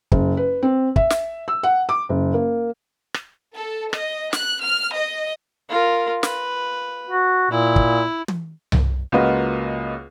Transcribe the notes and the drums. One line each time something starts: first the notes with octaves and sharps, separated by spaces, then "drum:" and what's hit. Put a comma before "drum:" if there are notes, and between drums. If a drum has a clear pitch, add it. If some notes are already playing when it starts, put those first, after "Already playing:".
F#1, drum: kick
B4
C4
E5, drum: kick
drum: snare
E6
F#5
D6
F#1
A#3
drum: rim click
A4
D#5, drum: rim click
F#6, drum: snare
F6
D#5
F4 A#4
B4, drum: snare
F#4
A#2 E4
drum: kick
drum: tom
drum: tom C2
C#2 A#3 F4 F#4 B4 D#5